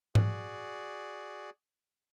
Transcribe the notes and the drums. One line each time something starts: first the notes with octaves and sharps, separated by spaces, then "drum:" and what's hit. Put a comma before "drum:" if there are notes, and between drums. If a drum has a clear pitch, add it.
F#4 G#4 D5, drum: tom G#2